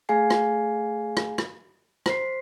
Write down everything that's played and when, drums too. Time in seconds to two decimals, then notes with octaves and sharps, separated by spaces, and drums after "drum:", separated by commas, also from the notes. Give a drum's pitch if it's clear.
0.09 A3 G#4 F5 G#5 C7
0.30 drum: rim click
1.17 drum: rim click
1.38 drum: rim click
2.06 C5 B6 C7, drum: rim click